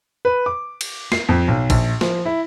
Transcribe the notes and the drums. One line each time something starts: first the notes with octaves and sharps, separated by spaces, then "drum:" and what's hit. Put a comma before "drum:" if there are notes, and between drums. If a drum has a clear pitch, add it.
B4
D6
drum: cymbal
C7, drum: snare
F2
B1
A#1, drum: kick, cymbal
F3, drum: snare
E4